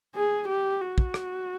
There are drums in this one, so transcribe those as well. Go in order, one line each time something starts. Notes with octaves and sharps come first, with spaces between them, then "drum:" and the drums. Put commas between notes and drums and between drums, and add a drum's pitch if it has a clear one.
G#4
G4
F#4
drum: kick
drum: rim click